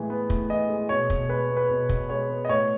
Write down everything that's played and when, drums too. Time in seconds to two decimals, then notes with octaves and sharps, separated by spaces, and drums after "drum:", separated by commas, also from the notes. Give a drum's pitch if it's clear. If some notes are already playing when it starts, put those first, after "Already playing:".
Already playing: A2 E3 G#3
0.10 B3
0.30 A2, drum: kick
0.50 E3 D#5
0.69 G#3
0.89 B2 C#5
1.10 B2, drum: kick
1.29 G#3 B4
1.50 B3
1.57 B4
1.70 B2
1.89 B2, drum: kick
2.09 G#3 C#5
2.29 B3
2.45 D#5
2.49 A2 C#5